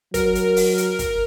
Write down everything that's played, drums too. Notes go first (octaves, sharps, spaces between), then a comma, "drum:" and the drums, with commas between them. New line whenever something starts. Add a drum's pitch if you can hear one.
F#3 A#4, drum: kick, hi-hat
drum: hi-hat
drum: open hi-hat
drum: hi-hat
drum: kick, hi-hat